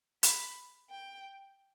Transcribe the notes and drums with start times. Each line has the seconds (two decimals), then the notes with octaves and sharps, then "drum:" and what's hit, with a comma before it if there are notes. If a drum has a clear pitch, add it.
0.23 B5, drum: hi-hat
0.90 G5